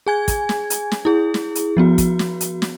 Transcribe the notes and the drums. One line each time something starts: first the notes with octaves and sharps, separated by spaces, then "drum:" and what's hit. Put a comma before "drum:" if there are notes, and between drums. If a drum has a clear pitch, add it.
G#4 G#5 G#6
drum: kick, hi-hat
drum: snare
drum: hi-hat
drum: snare
E4 G#4
drum: snare
drum: hi-hat
F3 B3 F#4
drum: kick, hi-hat
drum: snare
drum: hi-hat
drum: snare